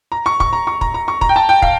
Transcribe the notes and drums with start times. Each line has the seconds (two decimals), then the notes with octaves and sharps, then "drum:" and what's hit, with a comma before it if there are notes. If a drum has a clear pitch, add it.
0.12 A#5
0.26 C#6
0.40 C#6, drum: kick
0.53 A#5
0.67 C#6
0.81 A#5, drum: kick
0.94 A#5
1.08 C#6
1.21 A#5, drum: kick
1.29 G5
1.36 A5
1.49 G5
1.62 F5, drum: kick